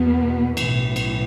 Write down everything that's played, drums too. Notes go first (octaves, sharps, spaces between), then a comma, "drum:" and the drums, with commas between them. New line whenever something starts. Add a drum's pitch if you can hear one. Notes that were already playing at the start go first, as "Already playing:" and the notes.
Already playing: E2 B2 B3
B1 A2 E3, drum: cymbal
drum: cymbal